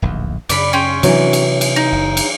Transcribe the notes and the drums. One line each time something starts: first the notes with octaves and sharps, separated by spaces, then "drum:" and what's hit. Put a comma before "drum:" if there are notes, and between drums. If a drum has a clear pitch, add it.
D1 A#1 D#2
F#2 C#3 D5 B5, drum: cymbal
C#4 G5 C6
C3 E3 F#3 D4, drum: cymbal
drum: cymbal
drum: cymbal
D#4
F#1
drum: cymbal